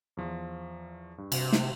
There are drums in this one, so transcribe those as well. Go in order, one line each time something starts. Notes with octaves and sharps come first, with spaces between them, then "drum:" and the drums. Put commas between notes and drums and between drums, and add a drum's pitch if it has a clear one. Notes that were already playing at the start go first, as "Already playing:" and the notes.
E2 F3
G2
C3, drum: cymbal
drum: snare